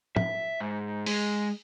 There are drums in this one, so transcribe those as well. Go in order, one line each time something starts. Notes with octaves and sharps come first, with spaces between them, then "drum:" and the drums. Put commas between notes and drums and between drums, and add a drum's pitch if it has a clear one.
E5, drum: tom
G#2
G#3, drum: open hi-hat